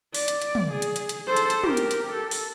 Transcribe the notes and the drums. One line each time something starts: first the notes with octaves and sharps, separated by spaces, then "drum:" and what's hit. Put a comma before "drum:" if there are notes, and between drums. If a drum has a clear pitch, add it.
D5, drum: open hi-hat
drum: hi-hat
drum: hi-hat
drum: tom
G#4
drum: hi-hat
drum: hi-hat
drum: hi-hat
A4 C5
drum: hi-hat
drum: hi-hat
G4 A#4, drum: tom
drum: hi-hat
drum: hi-hat
A4
drum: open hi-hat